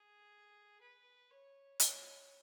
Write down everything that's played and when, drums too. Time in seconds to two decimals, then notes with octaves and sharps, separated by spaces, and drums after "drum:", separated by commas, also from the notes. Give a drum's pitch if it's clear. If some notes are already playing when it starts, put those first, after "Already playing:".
Already playing: G#4
0.81 B4
1.31 C#5
1.80 C#5, drum: hi-hat